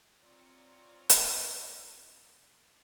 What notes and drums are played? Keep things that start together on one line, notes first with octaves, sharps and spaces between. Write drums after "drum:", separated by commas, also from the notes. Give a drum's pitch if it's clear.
C4 F4 C#5 D5 A#5
drum: hi-hat